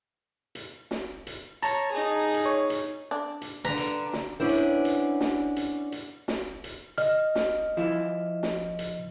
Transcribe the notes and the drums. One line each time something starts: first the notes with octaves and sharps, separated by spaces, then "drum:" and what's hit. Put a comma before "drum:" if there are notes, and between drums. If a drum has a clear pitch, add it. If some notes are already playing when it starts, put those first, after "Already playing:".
drum: hi-hat
drum: snare
drum: hi-hat
C#5 A5 A#5, drum: hi-hat
D#4 G#4
drum: hi-hat
C#5
drum: hi-hat
D4
drum: hi-hat
D3 B4 A#5
drum: hi-hat
drum: snare
B3 C#4 D4 E4 C5
drum: hi-hat
drum: hi-hat
drum: snare
drum: hi-hat
drum: hi-hat
drum: snare
drum: hi-hat
D#5 F6, drum: hi-hat
drum: snare
F3 E4
drum: snare
drum: hi-hat